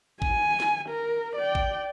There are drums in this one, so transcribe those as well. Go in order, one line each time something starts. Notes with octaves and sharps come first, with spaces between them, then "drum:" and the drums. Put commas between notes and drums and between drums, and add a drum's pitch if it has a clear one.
G#5, drum: kick A1
drum: snare
A#4
D5 G5
drum: kick A1